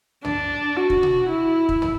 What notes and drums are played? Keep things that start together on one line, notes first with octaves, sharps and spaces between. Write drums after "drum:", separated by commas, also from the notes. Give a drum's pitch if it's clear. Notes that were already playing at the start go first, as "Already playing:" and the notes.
D4, drum: tom
F#4
drum: kick
drum: tom B2
E4
drum: kick
drum: tom